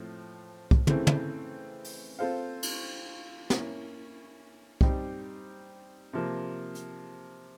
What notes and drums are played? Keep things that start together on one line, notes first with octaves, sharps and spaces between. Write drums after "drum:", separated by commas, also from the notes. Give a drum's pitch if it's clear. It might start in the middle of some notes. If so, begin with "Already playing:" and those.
Already playing: A2 F3 A3 C4
drum: kick C2
C#3 E3 A3 C4, drum: tom
drum: tom
drum: open hi-hat
C4 F4 A4 C5 F5
drum: cymbal
A#3 C#4 E4, drum: snare
G3 C4 D#4 G4, drum: kick C2
C3 F3 A#3
drum: hi-hat